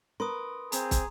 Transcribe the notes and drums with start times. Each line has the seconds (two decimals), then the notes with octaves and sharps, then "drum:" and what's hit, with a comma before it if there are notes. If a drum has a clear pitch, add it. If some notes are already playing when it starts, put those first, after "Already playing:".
0.20 A#4 B4 C6 D#6
0.72 C4 G#4 A#5, drum: hi-hat
0.91 drum: kick, hi-hat